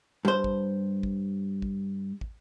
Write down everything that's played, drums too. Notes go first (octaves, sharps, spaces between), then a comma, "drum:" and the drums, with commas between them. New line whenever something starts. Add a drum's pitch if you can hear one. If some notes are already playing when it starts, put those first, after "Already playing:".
G2 C5
drum: kick
drum: kick
drum: kick
drum: kick